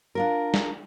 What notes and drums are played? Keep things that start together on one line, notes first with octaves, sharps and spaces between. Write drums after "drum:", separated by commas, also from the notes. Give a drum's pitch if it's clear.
D4 F4 A#4
drum: snare